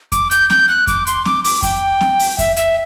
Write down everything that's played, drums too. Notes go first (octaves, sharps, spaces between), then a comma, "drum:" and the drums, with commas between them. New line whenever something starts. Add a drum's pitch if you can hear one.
D6, drum: kick F2, hi-hat
G6, drum: hi-hat
G6, drum: snare
F#6
D6, drum: kick F2, hi-hat
C6, drum: hi-hat
D6, drum: snare
D6, drum: open hi-hat
G5, drum: kick F2, hi-hat
drum: snare
drum: open hi-hat
E5, drum: kick F2, hi-hat
E5, drum: hi-hat